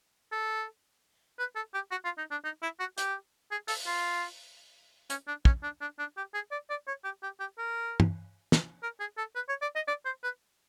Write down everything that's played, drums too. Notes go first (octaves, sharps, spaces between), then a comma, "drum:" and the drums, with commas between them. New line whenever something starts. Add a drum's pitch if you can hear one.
A4
B4
A4
G4
F#4
F4
D#4
D4
D#4
E4
F#4
G4, drum: hi-hat
G#4
A4, drum: open hi-hat
F4
C#4, drum: hi-hat
D4
C#4, drum: kick
D4
D4
D4
G4
G#4
D5
D5
C#5
G4
G4
G4
A#4
drum: tom G2
drum: snare
A#4
G#4
A4
B4
C#5
D5
D#5
D5
C5
B4